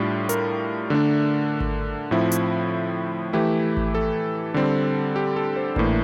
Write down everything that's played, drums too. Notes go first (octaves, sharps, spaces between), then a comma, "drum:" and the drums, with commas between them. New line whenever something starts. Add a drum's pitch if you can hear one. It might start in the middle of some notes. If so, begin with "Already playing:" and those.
Already playing: A2 G3 D4 F4
A#4, drum: hi-hat
D3 A3 D4
drum: kick G#1
A2 F3 C4 E4
drum: hi-hat
E3 A3 E4 G4
drum: kick G#1
A4
D3 G3 C4
G4
A4
C5
A2 E3 A#3 D4, drum: kick G#1